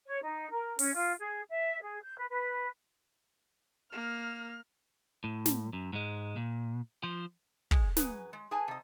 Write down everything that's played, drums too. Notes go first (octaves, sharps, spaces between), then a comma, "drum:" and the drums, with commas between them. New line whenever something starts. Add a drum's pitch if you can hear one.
C#5
D#4
A#4
C#4, drum: open hi-hat
F4
G#4
E5
G#4
G6
B4
B4
A#3 F6
A2
drum: snare
F#2
G#2 G#3
A#2
F3 C5
G#3, drum: kick
F#2 G#4 B4, drum: snare
G#3
G#4 B4 G#5 A5
C3 D#5